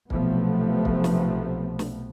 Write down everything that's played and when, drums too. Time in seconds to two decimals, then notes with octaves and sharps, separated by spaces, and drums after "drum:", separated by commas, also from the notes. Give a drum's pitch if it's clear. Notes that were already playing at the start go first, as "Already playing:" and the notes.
0.10 B1 C3 F3 A3 B3, drum: kick
0.85 drum: kick
1.04 drum: snare
1.79 drum: snare